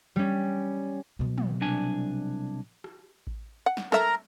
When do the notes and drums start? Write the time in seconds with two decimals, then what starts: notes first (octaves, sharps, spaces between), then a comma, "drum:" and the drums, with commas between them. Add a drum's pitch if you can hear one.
0.16 G3 C#4
1.19 B2 F#3
1.38 drum: tom
1.61 C2 D4 G#5
2.84 drum: rim click
3.27 drum: kick A1
3.66 F#5
3.77 drum: snare
3.92 A4 A#4 E5 A#5, drum: snare